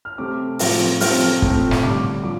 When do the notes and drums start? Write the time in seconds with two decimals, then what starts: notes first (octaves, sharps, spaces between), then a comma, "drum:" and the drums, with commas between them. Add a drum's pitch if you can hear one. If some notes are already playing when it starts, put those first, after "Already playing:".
0.05 F6
0.18 C3 A3 C4 D6
0.59 A2 F3 C4, drum: open hi-hat
1.00 C3 F3 A3 C4 F6, drum: open hi-hat
1.42 A2 A3 C4, drum: kick
1.71 drum: snare
1.83 G2 D3 G3 D6
2.24 F3 D6